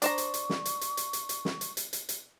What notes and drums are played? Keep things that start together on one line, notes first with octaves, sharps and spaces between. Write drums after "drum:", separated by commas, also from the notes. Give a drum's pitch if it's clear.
D4 C5 A#5 C#6, drum: hi-hat
drum: hi-hat
drum: hi-hat
drum: snare
drum: hi-hat
drum: hi-hat
drum: hi-hat
drum: hi-hat
drum: hi-hat
drum: snare
drum: hi-hat
drum: hi-hat
drum: hi-hat
drum: hi-hat